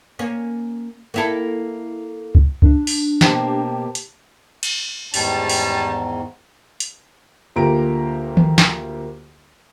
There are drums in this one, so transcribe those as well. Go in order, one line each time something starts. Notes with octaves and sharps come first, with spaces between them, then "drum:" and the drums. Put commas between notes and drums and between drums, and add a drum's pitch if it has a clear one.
A#3 C#4
A#3 E4 A4
drum: kick
D4, drum: kick
drum: open hi-hat
B2 A#3 G4 C5 A5, drum: snare
drum: hi-hat
drum: cymbal
E2 G#2 D#3 G3 C#4 A5, drum: open hi-hat
drum: open hi-hat
drum: hi-hat
D2 A#3 F4 G4 A#5 D7
drum: tom D#3
drum: snare